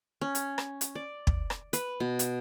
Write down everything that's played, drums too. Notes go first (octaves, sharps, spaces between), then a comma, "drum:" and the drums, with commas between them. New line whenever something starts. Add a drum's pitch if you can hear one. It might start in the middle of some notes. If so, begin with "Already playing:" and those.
C#4
drum: hi-hat
drum: rim click
drum: hi-hat
D5
drum: kick
drum: rim click
B4, drum: hi-hat
B2
drum: hi-hat